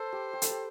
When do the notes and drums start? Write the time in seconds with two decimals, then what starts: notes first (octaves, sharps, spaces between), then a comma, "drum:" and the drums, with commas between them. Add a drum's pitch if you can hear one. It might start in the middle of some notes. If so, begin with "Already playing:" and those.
Already playing: A4 B4 C5
0.12 G4
0.33 G4
0.42 A4, drum: hi-hat
0.51 G4